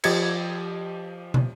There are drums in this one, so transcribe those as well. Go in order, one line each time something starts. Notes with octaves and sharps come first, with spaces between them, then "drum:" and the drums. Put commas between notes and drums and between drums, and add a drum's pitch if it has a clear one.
F3 G4 D#5 G#6 A6 C#7, drum: cymbal
drum: tom